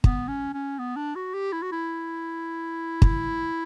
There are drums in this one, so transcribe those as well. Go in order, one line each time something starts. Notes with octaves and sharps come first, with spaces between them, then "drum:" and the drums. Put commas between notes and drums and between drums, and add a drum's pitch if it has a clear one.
B3, drum: kick
C#4
C#4
B3
D4
F#4
G4
E4
F#4
E4
drum: kick